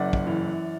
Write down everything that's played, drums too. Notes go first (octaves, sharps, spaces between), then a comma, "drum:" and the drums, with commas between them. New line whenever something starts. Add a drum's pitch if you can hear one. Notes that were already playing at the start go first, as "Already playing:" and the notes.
Already playing: F#1 F#2 D5 F#5
drum: kick
E3